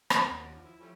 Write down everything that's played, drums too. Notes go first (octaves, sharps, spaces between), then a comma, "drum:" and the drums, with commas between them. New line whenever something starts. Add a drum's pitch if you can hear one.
drum: rim click
D#2 C#4 D4 F#4
F3
F3 E4
G3 A3 C#4